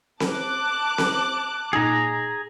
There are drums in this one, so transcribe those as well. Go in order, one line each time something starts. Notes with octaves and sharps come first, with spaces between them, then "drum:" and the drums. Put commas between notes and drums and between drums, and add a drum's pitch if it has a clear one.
A5 D6 F#6, drum: snare C4
drum: snare C4
A#2 D#4 G#4 A#5 E6